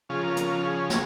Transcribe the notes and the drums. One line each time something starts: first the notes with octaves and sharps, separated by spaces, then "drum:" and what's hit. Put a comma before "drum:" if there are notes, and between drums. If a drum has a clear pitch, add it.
C#3 F3 C#4 F4 G#4
A#4
A#4, drum: hi-hat
F4
G#4
G#4, drum: snare